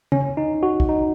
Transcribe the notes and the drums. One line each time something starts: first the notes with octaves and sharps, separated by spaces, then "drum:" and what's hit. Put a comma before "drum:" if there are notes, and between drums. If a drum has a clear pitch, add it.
C#4, drum: tom C#3
D#4
F#4
drum: kick A#1
D#4